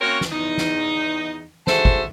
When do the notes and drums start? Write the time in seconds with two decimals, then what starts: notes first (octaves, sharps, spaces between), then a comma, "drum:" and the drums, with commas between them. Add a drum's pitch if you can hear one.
0.01 A#3 C4 C#4 F#4 A#4 C#5
0.21 drum: snare
0.31 E2 D#4
0.58 drum: snare
1.67 G#3 D4 F#4 A4 C5 E5, drum: snare
1.85 drum: kick